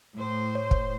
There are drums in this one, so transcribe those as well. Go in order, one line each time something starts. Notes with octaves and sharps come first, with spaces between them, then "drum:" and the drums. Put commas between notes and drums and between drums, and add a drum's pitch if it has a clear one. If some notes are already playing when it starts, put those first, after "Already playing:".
A2 C5
C#5
drum: kick